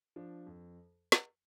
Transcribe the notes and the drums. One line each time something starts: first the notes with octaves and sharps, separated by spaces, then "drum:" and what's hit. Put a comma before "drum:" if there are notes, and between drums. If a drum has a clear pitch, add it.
F3 D4
F2
drum: snare